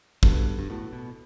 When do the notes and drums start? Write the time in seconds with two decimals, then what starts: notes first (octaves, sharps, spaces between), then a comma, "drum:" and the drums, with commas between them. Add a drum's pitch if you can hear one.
0.23 G2 B3 F#4 A4, drum: kick
0.59 G2
0.70 A2 B3 F#4 A4
0.93 B2